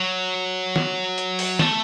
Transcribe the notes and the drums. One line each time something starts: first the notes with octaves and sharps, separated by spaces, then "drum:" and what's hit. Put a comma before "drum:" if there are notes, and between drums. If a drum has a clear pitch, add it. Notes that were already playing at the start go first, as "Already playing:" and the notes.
Already playing: F#3
drum: snare
drum: hi-hat
drum: open hi-hat
A3, drum: snare